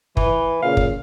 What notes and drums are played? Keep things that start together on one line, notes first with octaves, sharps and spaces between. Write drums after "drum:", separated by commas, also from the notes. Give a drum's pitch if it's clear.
E3, drum: kick
A#2 C#3 F5
drum: kick